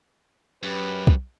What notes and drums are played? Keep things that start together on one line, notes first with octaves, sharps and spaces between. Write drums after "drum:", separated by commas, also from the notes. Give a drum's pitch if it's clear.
F#2 G4 B4
drum: kick